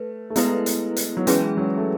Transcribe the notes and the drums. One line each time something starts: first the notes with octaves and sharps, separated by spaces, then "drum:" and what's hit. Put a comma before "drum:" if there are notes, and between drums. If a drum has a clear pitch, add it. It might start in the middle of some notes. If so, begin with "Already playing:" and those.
Already playing: A3 B4
A3
G#3 B3 E4 B4, drum: hi-hat
drum: hi-hat
drum: hi-hat
F#3
E3 G#3 C#4 G#4 B4, drum: hi-hat
F#3
A3